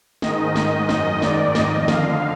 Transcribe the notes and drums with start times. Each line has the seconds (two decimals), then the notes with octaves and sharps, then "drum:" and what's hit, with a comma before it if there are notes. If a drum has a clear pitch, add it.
0.22 G#2 D#3 D#5, drum: snare
0.56 G#2 D#3 D#5, drum: snare
0.89 F#2 D#3 D#5, drum: snare
1.22 G#2 D#3 D5, drum: snare
1.55 F2 D#3 D#5, drum: snare
1.88 F2 D3 F5, drum: snare